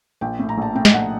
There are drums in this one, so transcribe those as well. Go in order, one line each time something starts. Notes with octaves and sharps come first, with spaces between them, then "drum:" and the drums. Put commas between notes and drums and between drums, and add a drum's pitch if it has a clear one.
A#1 G5
A2
A#5
A#1 A5
A2 G5
D#5, drum: snare
A#1 F#5